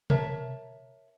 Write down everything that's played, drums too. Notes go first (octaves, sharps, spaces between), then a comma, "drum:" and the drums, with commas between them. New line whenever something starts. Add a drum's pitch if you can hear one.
A#4 C#5 E5 A5, drum: tom B2